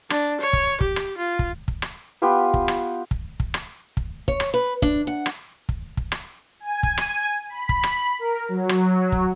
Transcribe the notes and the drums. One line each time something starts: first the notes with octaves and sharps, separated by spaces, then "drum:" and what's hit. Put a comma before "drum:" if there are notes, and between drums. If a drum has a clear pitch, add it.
D4, drum: rim click
C#5
drum: kick
G4, drum: kick
drum: rim click
F4
drum: kick
drum: kick
drum: rim click
B3 F4 G4 B4
drum: kick
drum: rim click
drum: kick
drum: kick
drum: rim click
drum: kick
C#5, drum: kick
drum: rim click
B4
D4, drum: kick
F#5
drum: rim click
drum: kick
drum: kick
drum: rim click
G#5
drum: kick
drum: rim click
B5
drum: kick
drum: rim click
A#4
F#3
drum: rim click
drum: kick